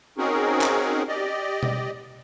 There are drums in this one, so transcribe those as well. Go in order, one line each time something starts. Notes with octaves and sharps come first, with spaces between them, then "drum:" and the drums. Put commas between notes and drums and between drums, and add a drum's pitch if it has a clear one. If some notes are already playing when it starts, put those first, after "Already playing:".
C4 C#4 D#4 F#4 G#4 A#4
drum: clap
G4 D5 D#5
drum: tom B2